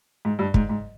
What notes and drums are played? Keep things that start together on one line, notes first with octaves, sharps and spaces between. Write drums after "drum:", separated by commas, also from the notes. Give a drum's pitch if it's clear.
G#2
G2
G#2, drum: kick
G#2